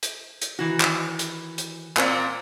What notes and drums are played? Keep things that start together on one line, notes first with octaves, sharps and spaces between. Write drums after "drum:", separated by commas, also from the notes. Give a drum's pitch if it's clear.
drum: hi-hat
drum: hi-hat
D#3 E3 F#4
drum: clap
drum: hi-hat
drum: hi-hat
A#2 A#3 C4, drum: clap